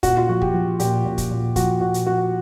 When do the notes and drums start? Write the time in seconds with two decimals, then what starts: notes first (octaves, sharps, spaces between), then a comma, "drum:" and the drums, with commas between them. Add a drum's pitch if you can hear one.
0.03 A#2 F#4, drum: kick, hi-hat
0.17 F4
0.29 F3 F#4
0.42 G4, drum: kick
0.54 F3
0.80 A#2 G4, drum: hi-hat
1.05 A#2
1.18 drum: kick, hi-hat
1.31 A#2
1.56 F3 F#4, drum: kick, hi-hat
1.81 A#2 F#4
1.94 drum: hi-hat
2.07 F3 F#4